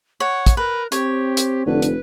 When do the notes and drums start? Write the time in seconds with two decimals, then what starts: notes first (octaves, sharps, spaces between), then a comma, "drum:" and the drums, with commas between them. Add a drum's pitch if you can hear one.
0.20 C#5 F#5
0.46 drum: kick, hi-hat
0.57 A#4 B4
0.92 C4 G4 C#5, drum: hi-hat
1.37 drum: hi-hat
1.66 F1 D3 B4
1.82 drum: hi-hat